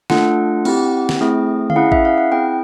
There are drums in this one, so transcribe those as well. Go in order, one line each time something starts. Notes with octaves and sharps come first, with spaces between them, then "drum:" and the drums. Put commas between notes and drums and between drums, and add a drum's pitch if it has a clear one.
A3 D4 F4 A4 F#5, drum: snare
C4 E4 G4, drum: cymbal
drum: snare
A3 C4 E4 G#4
F5, drum: tom D3
C#4 E4 G#4 F#5
E5, drum: kick A1
F5
F#5
C4 E4 G#4 G5